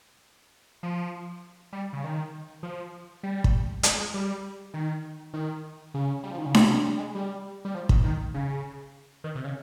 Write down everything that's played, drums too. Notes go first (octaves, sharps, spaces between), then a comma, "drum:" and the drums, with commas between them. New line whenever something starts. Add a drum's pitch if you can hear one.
F3
G3
C#3
D#3
F3
G3
drum: kick
G#3, drum: hi-hat
G#3
G3
D#3
D#3
C#3
G3
F3
D#3
C#3
C3, drum: snare D4
G3
G#3
G3
G3
F3
D#3, drum: kick
D#3
C#3
D#3
C3
C#3